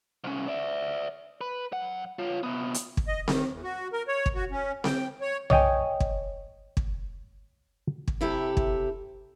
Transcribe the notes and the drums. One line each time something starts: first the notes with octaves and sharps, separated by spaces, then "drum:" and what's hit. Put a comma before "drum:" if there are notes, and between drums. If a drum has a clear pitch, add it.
C2 C#4
D5 E5
B4
F#2 F#5
F4 C#5
C3 B3
drum: hi-hat
drum: kick
D#5
D#3, drum: snare C4
E2
F#4
A#4
C#5
drum: kick
F#4
C#4
G5, drum: snare C4
C#5
C#5 D#5 G5 G#5, drum: tom B1
drum: kick
drum: kick
drum: kick
C3 E4 G4 A4
drum: kick